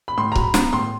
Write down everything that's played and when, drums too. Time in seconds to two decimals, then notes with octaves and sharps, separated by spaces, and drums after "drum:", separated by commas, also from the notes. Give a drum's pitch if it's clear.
0.08 B5
0.17 A2 C6
0.32 A#5
0.35 F#3 B5, drum: kick
0.54 B3 A#5, drum: snare
0.73 A2 C6